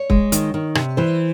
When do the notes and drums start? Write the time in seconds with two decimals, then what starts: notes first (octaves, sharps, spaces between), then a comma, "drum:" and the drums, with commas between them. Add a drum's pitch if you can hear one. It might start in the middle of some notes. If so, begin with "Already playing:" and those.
Already playing: C#5
0.10 G#3, drum: kick
0.32 D#3, drum: hi-hat
0.54 D#3
0.75 C3, drum: rim click
0.97 E3 C5